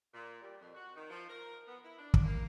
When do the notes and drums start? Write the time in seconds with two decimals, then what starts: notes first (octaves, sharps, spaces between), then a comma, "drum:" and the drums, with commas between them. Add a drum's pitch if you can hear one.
0.13 A#2
0.42 G3
0.60 F2
0.74 F#4
0.96 D#3
1.10 F3
1.29 A#4
1.68 B3
1.85 E4
1.99 D4
2.14 drum: kick
2.24 A#3